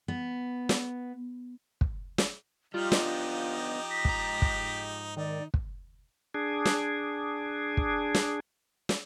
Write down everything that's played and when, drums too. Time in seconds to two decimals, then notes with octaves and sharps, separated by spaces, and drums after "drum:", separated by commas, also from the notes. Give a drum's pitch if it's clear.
0.08 B3
0.69 drum: snare
1.81 drum: kick
2.18 drum: snare
2.74 F3 G3 D#4 F4 G4 F6
2.92 B3 D4 D#5, drum: snare
3.90 A#6 B6
4.05 G#2 A#5, drum: kick
4.42 drum: kick
5.16 D#3 D#4 D5
5.54 drum: kick
6.34 D4 G#4
6.65 drum: snare
7.77 drum: kick
8.15 drum: snare
8.89 drum: snare